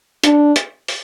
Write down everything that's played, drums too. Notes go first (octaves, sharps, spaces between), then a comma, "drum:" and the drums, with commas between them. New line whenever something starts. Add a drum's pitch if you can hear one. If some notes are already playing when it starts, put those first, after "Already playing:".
D4, drum: hi-hat
drum: hi-hat
drum: open hi-hat